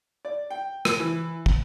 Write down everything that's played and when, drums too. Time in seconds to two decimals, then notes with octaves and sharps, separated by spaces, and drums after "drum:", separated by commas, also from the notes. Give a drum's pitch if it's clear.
0.25 D5
0.50 G5
0.85 drum: rim click
1.00 E3
1.46 drum: kick